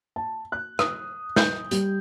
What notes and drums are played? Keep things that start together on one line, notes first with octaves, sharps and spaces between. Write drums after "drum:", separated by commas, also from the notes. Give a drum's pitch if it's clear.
A5
F#6
D#6, drum: rim click
G6, drum: snare
G3, drum: hi-hat